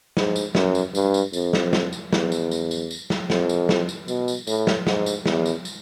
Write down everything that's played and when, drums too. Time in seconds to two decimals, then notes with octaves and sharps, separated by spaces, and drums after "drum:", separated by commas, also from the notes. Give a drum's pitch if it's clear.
0.17 G#2, drum: snare
0.36 drum: tambourine
0.55 F#2, drum: snare
0.75 drum: tambourine
0.95 G2, drum: tambourine
1.14 drum: tambourine
1.33 F2, drum: tambourine
1.53 drum: snare
1.73 drum: snare
1.93 drum: tambourine
2.13 E2, drum: snare
2.32 drum: tambourine
2.51 drum: tambourine
2.71 drum: tambourine
2.91 drum: tambourine
3.10 drum: snare
3.30 F2, drum: snare
3.49 drum: tambourine
3.69 drum: snare
3.89 drum: tambourine
4.08 B2, drum: tambourine
4.28 drum: tambourine
4.47 A2, drum: tambourine
4.67 drum: snare
4.87 G#2, drum: snare
5.06 drum: tambourine
5.26 E2, drum: snare
5.46 drum: tambourine
5.65 drum: tambourine